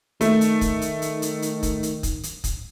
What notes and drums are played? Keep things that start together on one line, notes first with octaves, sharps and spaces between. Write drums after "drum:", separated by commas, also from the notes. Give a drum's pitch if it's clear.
D#3 A3, drum: hi-hat
drum: hi-hat
drum: kick, hi-hat
drum: hi-hat
drum: hi-hat
drum: hi-hat
drum: hi-hat
drum: kick, hi-hat
drum: hi-hat
drum: kick, hi-hat
drum: hi-hat
drum: kick, hi-hat